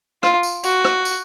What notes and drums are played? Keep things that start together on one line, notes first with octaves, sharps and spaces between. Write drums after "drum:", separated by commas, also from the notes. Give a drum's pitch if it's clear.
F4, drum: rim click
drum: tambourine
F#4, drum: tambourine
drum: rim click
drum: tambourine